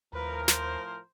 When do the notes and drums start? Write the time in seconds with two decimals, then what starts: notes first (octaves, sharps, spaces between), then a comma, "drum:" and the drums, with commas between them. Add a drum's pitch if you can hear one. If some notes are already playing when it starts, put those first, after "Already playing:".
0.13 D#2 A2 F3 A#4 B4
0.48 C5, drum: snare